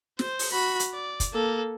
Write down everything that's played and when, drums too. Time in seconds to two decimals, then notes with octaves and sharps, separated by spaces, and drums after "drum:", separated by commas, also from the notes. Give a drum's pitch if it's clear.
0.19 C5, drum: snare
0.39 drum: open hi-hat
0.52 F#4 B5
0.80 drum: hi-hat
0.93 D5
1.20 drum: kick, hi-hat
1.34 A#3 A4